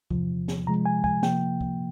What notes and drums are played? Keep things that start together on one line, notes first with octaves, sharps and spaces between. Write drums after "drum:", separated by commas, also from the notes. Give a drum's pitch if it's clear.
E2 C3 F3, drum: kick
drum: snare
C3 F3 G#3 A#5
G#5
G#5, drum: kick
C3 F3 A#3 G5, drum: snare
drum: kick